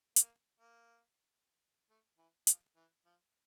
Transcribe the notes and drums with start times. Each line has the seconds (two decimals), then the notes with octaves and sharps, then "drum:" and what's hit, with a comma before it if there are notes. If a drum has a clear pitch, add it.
0.16 A#3, drum: hi-hat
0.60 A#3
1.90 A3
2.18 E3
2.47 F3, drum: hi-hat
2.76 E3
3.05 F3